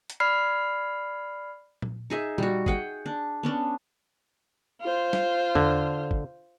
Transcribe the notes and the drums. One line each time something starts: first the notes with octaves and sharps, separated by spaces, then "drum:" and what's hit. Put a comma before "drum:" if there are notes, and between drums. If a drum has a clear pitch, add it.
drum: hi-hat
D5 B5 F6 C7
drum: tom A#2
D#4 G#4 E5
G3 F#4, drum: tom A#2
G#4 F#5 G5, drum: kick
D4
B3 C#4 D4
F4 C5
drum: snare
D3, drum: tom E2
drum: kick